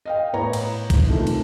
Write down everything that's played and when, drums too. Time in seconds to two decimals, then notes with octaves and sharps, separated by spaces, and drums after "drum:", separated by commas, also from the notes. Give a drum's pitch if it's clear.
0.05 D#5 F5 G5
0.34 A2 B3 C#5 A#5
0.53 drum: cymbal
0.90 drum: kick, cymbal
1.08 C3 D#3 E3 A3 F4
1.27 drum: cymbal